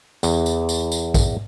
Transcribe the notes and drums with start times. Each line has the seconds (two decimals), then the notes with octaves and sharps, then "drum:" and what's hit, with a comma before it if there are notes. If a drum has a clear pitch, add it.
0.23 E2, drum: tambourine
0.46 drum: tambourine
0.69 drum: tambourine
0.92 drum: tambourine
1.14 drum: kick, tambourine